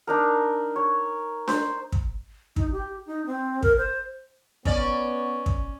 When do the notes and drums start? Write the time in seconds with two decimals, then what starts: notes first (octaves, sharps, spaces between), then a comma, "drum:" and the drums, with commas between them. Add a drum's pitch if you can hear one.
0.07 D4 D#4 A#4
0.76 C#5
1.48 C5, drum: snare D4
1.92 drum: kick
2.56 D#4, drum: kick
2.72 G4
3.06 D#4
3.26 C4
3.62 A#4, drum: kick
3.77 C5
4.65 B3 C#4 D5, drum: kick
5.46 drum: kick